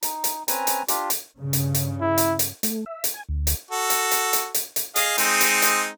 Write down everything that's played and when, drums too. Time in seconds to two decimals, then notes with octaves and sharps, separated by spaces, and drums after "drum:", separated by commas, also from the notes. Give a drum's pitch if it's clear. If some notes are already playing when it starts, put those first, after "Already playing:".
0.03 D#4, drum: hi-hat
0.24 drum: hi-hat
0.48 C4 C#4 B4 G#5 A#5, drum: hi-hat
0.67 drum: hi-hat
0.88 D4 F4 G4, drum: hi-hat
1.10 drum: hi-hat
1.37 G2 C#3
1.53 drum: hi-hat
1.75 drum: hi-hat
2.01 E4
2.18 drum: hi-hat
2.39 drum: hi-hat
2.63 A3, drum: hi-hat
2.86 E5
3.04 drum: hi-hat
3.14 G#5
3.29 D2
3.47 drum: hi-hat
3.71 F#4 A4
3.90 drum: hi-hat
4.11 drum: hi-hat
4.33 drum: hi-hat
4.54 drum: hi-hat
4.76 drum: hi-hat
4.96 G#4 D#5 F5, drum: hi-hat
5.18 G#3 C4 D#4, drum: hi-hat
5.41 drum: hi-hat
5.62 drum: hi-hat